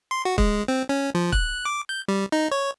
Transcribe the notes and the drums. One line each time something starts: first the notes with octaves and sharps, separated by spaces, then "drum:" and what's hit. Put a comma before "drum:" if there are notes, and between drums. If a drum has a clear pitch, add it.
C6
F#4
G#3, drum: kick
C4
C#4
F3
F#6, drum: kick
D6
G6
G3
D#4
C#5